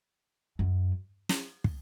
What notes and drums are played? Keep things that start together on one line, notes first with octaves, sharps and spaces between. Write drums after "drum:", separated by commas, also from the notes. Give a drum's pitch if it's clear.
F#2
drum: snare
drum: kick